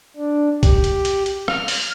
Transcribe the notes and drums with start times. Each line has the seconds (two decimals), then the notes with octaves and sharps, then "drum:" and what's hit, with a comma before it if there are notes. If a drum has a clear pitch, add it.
0.16 D4
0.63 G4, drum: kick B1, hi-hat
0.84 drum: hi-hat
1.05 drum: hi-hat
1.26 drum: hi-hat
1.48 F6, drum: rim click
1.68 drum: open hi-hat